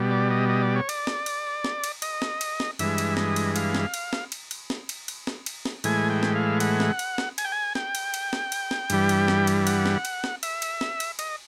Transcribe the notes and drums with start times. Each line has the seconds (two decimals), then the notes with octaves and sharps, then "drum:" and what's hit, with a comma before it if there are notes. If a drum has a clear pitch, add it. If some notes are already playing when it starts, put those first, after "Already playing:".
Already playing: B2 G3
0.11 D5
0.31 D#5
0.49 D#5
0.62 D5
0.76 C#5
0.89 D5, drum: cymbal
1.07 drum: snare
1.26 drum: cymbal
1.64 drum: snare
1.84 drum: cymbal
2.02 D#5, drum: cymbal
2.22 drum: snare
2.41 drum: cymbal
2.60 drum: snare
2.79 G2 E3 G#3 E5, drum: cymbal
2.98 drum: cymbal
3.17 D#5, drum: snare
3.36 drum: cymbal
3.56 F5, drum: cymbal
3.75 drum: snare
3.94 drum: cymbal
4.13 drum: snare
4.32 drum: cymbal
4.51 drum: cymbal
4.70 drum: snare
4.89 drum: cymbal
5.08 drum: cymbal
5.27 drum: snare
5.46 drum: cymbal
5.65 drum: snare
5.84 A2 E3 G#3 G#5, drum: cymbal
6.10 G5
6.23 drum: snare
6.35 F5
6.60 F#5, drum: cymbal
6.80 drum: snare
6.99 drum: cymbal
7.18 drum: snare
7.38 G#5, drum: cymbal
7.45 G5
7.52 G#5
7.75 G5, drum: snare
7.95 drum: cymbal
8.14 drum: cymbal
8.33 drum: snare
8.52 drum: cymbal
8.71 drum: snare
8.90 G2 E3 G3, drum: cymbal
9.09 drum: cymbal
9.28 drum: snare
9.47 drum: cymbal
9.67 F#5, drum: cymbal
9.86 drum: snare
10.05 drum: cymbal
10.24 drum: snare
10.43 E5, drum: cymbal
10.62 drum: cymbal
10.81 drum: snare
11.00 drum: cymbal
11.19 D#5, drum: cymbal